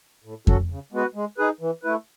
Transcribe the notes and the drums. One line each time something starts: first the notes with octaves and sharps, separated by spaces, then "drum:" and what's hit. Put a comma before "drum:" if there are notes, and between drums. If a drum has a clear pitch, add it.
A2
F#3 C#4 F#4 A4, drum: kick F2
C#3
G#3 B3 F#4 B4
G#3
D#4 G#4 B4
E3
A3 E4 B4